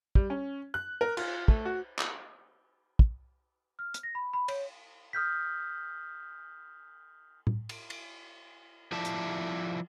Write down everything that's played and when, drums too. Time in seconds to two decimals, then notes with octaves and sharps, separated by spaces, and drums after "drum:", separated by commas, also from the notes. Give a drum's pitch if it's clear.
0.15 G3, drum: kick
0.30 C#4
0.74 F#6
1.01 A#4
1.17 F4, drum: cymbal
1.48 A3, drum: kick
1.65 F#4
1.99 drum: clap
2.99 drum: kick
3.79 F6
3.94 drum: hi-hat
4.03 A#6
4.15 B5
4.33 B5
4.48 C#5, drum: cymbal
5.13 D#6 F6 G6 B6
7.47 drum: tom A2
7.69 drum: cymbal
7.90 drum: cymbal
8.92 F3 E4 D5 E5 A5
9.05 drum: hi-hat